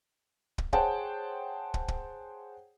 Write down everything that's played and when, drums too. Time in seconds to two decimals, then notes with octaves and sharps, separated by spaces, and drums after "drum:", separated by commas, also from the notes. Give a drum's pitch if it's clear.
0.58 drum: kick
0.73 G#4 C5 C#5 F#5 G5 A5, drum: kick
1.74 drum: kick
1.88 drum: kick